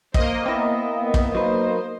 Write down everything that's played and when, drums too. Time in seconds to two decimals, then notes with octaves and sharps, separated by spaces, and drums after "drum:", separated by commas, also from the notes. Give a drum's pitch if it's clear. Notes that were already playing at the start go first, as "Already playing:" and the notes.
0.14 A#3 C5 D#5, drum: kick
0.46 B3 C4 E4
0.98 B3
1.14 drum: kick
1.35 F#3 D#4 B4 C5